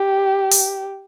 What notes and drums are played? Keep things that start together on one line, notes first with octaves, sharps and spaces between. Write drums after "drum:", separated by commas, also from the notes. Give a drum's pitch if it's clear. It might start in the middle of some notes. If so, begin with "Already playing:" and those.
Already playing: G4
drum: open hi-hat